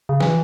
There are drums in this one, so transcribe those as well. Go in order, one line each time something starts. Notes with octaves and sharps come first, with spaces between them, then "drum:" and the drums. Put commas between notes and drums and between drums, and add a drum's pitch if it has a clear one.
C#3
E3, drum: snare